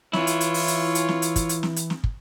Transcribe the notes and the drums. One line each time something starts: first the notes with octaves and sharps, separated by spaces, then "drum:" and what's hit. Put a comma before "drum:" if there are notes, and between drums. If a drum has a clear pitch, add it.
E3 E4 F4 C#5, drum: snare
drum: hi-hat
drum: hi-hat
drum: open hi-hat
drum: hi-hat
drum: hi-hat
drum: snare
drum: hi-hat
drum: kick, hi-hat
drum: hi-hat
drum: snare
drum: hi-hat
drum: snare
drum: kick